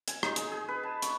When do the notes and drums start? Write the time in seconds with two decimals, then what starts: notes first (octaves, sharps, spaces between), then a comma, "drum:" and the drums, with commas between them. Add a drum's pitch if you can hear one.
0.08 G#5, drum: hi-hat
0.23 D#4, drum: rim click
0.36 G#4, drum: hi-hat
0.52 G#4
0.68 B4
0.83 A5
1.02 C#6, drum: hi-hat